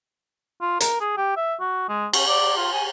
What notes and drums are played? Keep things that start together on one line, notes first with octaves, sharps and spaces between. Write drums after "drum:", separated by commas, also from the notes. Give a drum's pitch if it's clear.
F4
A#4, drum: hi-hat
G#4
G4
E5
F#4
G#3
C#4, drum: cymbal
D5
F4
G#5